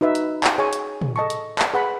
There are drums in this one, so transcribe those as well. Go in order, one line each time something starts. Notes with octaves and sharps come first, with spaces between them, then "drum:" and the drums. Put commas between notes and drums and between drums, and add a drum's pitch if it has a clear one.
D#4 F#4 B4 E5
drum: hi-hat
drum: clap
G#4 C#5 G#5 C#6
drum: hi-hat
drum: tom
A4 D#5 A5 C#6
drum: hi-hat
drum: clap
G#4 B4 F#5 B5